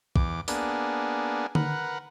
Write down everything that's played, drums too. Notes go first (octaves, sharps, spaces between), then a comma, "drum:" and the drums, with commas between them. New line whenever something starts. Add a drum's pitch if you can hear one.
E2 D6, drum: kick
A#3 B3 D4 G#4, drum: open hi-hat
A#4 B4 F#5, drum: tom D3